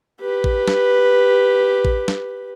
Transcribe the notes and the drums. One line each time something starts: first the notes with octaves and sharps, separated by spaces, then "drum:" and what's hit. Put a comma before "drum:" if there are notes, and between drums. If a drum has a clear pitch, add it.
G4 B4
drum: kick A1
drum: snare
drum: kick A1
drum: snare